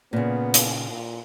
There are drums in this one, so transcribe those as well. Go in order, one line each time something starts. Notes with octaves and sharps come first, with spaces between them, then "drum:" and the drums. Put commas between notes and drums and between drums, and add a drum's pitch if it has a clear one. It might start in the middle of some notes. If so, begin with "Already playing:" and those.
A#2 C#3 B3
drum: hi-hat
A#2